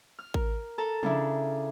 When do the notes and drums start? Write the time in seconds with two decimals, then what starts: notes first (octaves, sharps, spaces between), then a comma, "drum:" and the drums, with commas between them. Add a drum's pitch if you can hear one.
0.19 F6
0.34 A#4, drum: kick A1
0.78 A4 A5 A#5
1.03 C#3 D4 E4, drum: tom